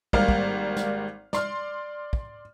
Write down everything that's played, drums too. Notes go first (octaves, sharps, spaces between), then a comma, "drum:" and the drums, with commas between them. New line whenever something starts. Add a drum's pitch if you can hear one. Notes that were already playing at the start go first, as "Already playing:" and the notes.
G#1 G3 A#3 D5 F5, drum: kick
drum: kick
drum: snare
D5 C6 F6, drum: snare
drum: kick